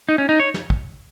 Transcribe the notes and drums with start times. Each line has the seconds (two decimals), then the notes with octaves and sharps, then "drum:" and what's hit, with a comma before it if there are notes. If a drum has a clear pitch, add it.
0.09 D#4
0.18 C#4
0.29 D#4
0.40 C#5
0.54 drum: snare
0.70 drum: kick